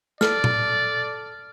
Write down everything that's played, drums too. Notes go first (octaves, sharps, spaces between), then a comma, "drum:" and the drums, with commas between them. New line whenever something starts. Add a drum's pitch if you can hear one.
A4 D5 F6, drum: snare
drum: tom A#2